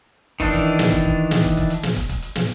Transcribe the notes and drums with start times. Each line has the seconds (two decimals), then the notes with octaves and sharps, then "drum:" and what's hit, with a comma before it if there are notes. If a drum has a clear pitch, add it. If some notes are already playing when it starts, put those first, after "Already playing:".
0.40 D#3 E3 D4, drum: kick, hi-hat
0.53 drum: kick, hi-hat
0.79 drum: snare
0.92 drum: kick, hi-hat
1.05 drum: kick
1.31 drum: snare
1.44 drum: kick, hi-hat
1.57 drum: kick, hi-hat
1.70 drum: hi-hat
1.83 drum: snare
1.96 drum: kick, hi-hat
2.09 drum: kick, hi-hat
2.22 drum: hi-hat
2.35 drum: snare